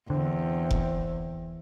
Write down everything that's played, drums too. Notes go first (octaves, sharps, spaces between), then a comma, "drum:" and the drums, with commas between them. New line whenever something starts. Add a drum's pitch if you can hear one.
E2 D3 C4
drum: kick F1